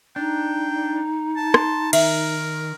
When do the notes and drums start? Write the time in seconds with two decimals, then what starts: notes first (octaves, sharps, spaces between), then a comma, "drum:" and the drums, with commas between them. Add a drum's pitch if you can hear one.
0.16 D4 D#4 G5
1.37 A5
1.54 C6, drum: rim click
1.93 D#3 A#4 E5, drum: cymbal